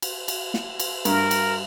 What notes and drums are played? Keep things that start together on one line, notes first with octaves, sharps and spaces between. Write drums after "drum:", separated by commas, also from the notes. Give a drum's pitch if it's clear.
drum: cymbal
drum: cymbal
drum: snare
drum: cymbal
G2 A#4, drum: cymbal
drum: cymbal